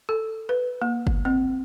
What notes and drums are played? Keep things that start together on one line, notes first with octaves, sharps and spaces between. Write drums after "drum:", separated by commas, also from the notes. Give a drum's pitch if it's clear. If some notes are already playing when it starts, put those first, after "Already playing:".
A4
B4
A#3
drum: kick G1
C4